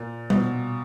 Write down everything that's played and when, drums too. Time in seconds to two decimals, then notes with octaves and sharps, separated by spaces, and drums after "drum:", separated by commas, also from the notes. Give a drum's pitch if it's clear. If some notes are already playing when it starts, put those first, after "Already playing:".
Already playing: A#2
0.30 B2, drum: tom G3